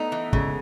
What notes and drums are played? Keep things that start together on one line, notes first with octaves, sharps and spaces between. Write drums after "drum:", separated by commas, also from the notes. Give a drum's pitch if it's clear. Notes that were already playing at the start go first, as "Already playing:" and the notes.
Already playing: A3 B3 D#4
E3
C#3 G#3, drum: kick